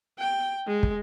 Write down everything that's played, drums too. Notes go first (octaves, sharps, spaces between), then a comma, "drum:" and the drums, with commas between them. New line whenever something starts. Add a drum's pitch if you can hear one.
G5
G#3
drum: kick